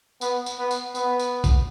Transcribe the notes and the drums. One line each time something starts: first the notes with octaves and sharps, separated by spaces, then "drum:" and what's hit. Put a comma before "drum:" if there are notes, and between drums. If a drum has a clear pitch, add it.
B3, drum: tambourine
drum: tambourine
B3
drum: tambourine
B3, drum: tambourine
drum: tambourine
drum: kick B1, tambourine